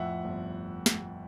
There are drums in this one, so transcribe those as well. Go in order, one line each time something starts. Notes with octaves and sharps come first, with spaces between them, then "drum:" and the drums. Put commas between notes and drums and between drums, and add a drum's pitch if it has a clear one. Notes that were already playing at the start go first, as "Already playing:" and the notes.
Already playing: F2 A2 E5 F#5
G1
drum: snare